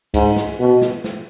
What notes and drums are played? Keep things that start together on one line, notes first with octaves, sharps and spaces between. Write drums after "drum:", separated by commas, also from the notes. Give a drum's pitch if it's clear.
G#2, drum: kick C2, cymbal
drum: snare
B2
drum: snare
drum: snare